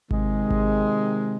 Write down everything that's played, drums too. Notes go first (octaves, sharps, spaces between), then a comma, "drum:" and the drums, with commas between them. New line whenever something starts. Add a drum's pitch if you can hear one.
C3 D#3 G#3, drum: kick G#1
drum: kick G#1